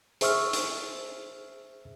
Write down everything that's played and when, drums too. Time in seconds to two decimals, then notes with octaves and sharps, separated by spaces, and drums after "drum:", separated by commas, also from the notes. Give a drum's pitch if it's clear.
0.21 G#4 C5 E5 C#6 E6 F6, drum: hi-hat
0.53 drum: hi-hat